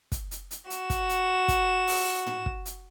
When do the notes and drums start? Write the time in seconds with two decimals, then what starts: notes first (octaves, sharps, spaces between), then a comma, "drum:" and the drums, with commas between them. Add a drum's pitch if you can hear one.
0.12 drum: kick, hi-hat
0.31 drum: hi-hat
0.51 drum: hi-hat
0.70 F#4 E7, drum: hi-hat
0.90 drum: kick, hi-hat
1.09 drum: hi-hat
1.48 drum: kick, hi-hat
1.87 drum: open hi-hat
2.26 drum: tom
2.46 drum: kick
2.65 drum: hi-hat